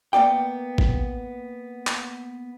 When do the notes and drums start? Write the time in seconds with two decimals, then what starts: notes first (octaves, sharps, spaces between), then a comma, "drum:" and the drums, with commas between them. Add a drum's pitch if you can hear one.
0.13 A#3 B3 D5 G5
0.78 drum: kick G#1
1.87 drum: clap